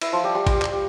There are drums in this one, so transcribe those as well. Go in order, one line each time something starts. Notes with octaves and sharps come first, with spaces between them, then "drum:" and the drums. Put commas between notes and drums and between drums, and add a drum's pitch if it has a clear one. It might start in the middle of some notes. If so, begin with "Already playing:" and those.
E4, drum: cymbal
F3 F4
G3 G4
G3 G4
G3 G4, drum: kick, cymbal
drum: clap